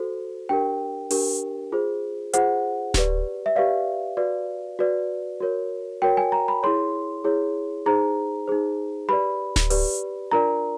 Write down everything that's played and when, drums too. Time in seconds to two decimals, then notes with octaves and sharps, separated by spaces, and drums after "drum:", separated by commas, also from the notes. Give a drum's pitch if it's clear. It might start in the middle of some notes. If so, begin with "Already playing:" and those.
Already playing: F#4 A4 C5
0.49 D4 G4 A#4 G5
1.11 D4 G4 A#4, drum: open hi-hat
1.72 F4 G#4 C5
2.33 F4 G#4 C5 F#5, drum: hi-hat
2.94 G4 B4 D5, drum: snare D1
3.46 E5
3.56 G4 B4 D5 F5
4.17 F#4 B4 D5
4.79 F#4 B4 D5
5.40 F#4 A#4 C#5
6.02 F#4 A#4 C#5 G5
6.17 G#5
6.32 A#5
6.48 B5
6.63 E4 G#4 C#5 C6
7.24 E4 G#4 C#5
7.86 D#4 G#4 C5 A#5
8.48 D#4 G#4 C5
9.09 G4 B4 D5 B5
9.56 drum: snare D1
9.70 G4 B4 D5, drum: open hi-hat
10.31 D4 F4 A#4 D5 A#5